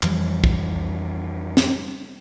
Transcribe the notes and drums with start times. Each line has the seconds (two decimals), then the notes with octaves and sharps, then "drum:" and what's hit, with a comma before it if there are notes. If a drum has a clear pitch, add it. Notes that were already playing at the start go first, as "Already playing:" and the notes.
0.03 F2 E3 F3 G3, drum: clap
0.44 drum: kick
1.57 drum: snare